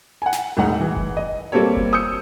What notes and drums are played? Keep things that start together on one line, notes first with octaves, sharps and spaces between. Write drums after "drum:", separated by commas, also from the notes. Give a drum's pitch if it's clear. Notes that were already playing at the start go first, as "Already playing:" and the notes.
F#5 G#5
drum: snare
E1 C2 A2 G#3 D#4 F#5
E3
drum: kick F#1
D#5
G3 A#3 C4 G4 A4 C#5
drum: kick F#1
D#6 E6 G6 C#7